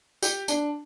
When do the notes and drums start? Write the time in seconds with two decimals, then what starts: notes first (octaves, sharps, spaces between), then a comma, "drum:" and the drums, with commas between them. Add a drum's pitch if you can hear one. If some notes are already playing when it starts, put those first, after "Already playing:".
0.22 G4, drum: tambourine
0.48 D4, drum: tambourine